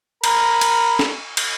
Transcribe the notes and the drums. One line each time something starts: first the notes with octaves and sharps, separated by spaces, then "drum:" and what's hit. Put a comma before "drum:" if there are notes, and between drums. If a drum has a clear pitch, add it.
A#4 A#5 B5, drum: cymbal
drum: cymbal
drum: snare
drum: cymbal